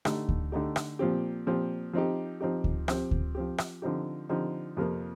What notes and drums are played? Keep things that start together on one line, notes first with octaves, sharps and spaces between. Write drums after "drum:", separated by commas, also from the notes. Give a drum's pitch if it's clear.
D3 A3 D#4 G4, drum: rim click
drum: kick D2
D3 A3 D#4 G4
drum: rim click
A#2 F3 C4 G4
A#2 F3 C4 G4
F3 C4 D#4 G4
F3 C4 D#4 G4
drum: kick D2
F3 C4 G4, drum: rim click
drum: kick D2
F3 C4 G4
drum: rim click
D3 F3 C4 D#4 G4
D3 F3 C4 D#4 G4
F2 C3 F3 A#3